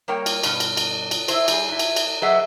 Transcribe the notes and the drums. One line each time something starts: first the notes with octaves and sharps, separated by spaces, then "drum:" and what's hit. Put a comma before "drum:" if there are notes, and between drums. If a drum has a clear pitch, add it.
G3 A#3 A#4 C#5 G5
drum: cymbal
G2 B2, drum: cymbal
drum: cymbal
drum: cymbal
drum: cymbal
E4 C5, drum: cymbal
G3 G#4, drum: cymbal
G#2 E4
drum: cymbal
drum: cymbal
F#3 G#4 B4 D#5 E5 F#5